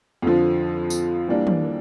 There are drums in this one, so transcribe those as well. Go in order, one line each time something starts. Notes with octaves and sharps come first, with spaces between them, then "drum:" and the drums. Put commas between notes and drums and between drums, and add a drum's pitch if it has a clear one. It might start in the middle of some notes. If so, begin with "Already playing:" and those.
F2 D3 F3
drum: tambourine
E3 G3 A#3 D4
drum: tom